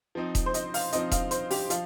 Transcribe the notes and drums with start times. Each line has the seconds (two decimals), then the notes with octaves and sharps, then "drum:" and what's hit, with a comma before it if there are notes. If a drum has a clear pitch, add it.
0.15 F3 C4 D#4
0.35 drum: kick E1, hi-hat
0.46 C5
0.54 D#5, drum: hi-hat
0.74 F5, drum: open hi-hat
0.92 F3 C4 D#4 D#5, drum: hi-hat
1.11 F5, drum: kick E1, hi-hat
1.31 C5, drum: hi-hat
1.51 G4, drum: open hi-hat
1.70 F3 F5, drum: hi-hat